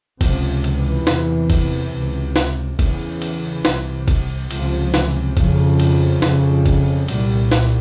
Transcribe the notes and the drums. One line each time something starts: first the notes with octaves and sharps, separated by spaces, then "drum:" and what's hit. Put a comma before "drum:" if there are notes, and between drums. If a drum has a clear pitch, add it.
C#2 C3 F3, drum: kick, cymbal
E3, drum: cymbal
E2 C3, drum: snare
drum: kick, cymbal
C#2 C3
drum: snare
E2 C#3 E3, drum: kick, cymbal
drum: cymbal
C2 C3, drum: snare
drum: kick, cymbal
C#2 C3 F3, drum: cymbal
E3, drum: snare
F2 C#3 F3, drum: kick, cymbal
drum: cymbal
F2 C#3, drum: snare
drum: kick, cymbal
C2 A#2 G3, drum: cymbal
drum: snare